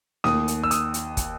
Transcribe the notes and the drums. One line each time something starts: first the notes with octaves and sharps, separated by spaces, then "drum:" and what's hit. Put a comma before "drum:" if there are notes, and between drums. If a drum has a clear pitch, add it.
D#2 D#6, drum: snare
drum: hi-hat
E6
D#6, drum: hi-hat
drum: hi-hat
drum: kick, hi-hat